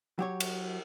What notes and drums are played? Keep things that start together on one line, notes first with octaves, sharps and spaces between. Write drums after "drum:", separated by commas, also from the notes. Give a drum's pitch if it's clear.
F#3 G4 C#5
drum: cymbal